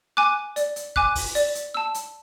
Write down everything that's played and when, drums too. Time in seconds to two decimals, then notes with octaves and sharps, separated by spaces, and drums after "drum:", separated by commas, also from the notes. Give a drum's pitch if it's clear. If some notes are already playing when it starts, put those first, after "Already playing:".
0.17 G#5 D6 F#6
0.56 D5, drum: hi-hat
0.76 drum: hi-hat
0.96 G#5 D6 F#6, drum: kick
1.15 drum: kick, open hi-hat
1.35 D5, drum: hi-hat
1.55 drum: hi-hat
1.74 A5 E6
1.94 drum: hi-hat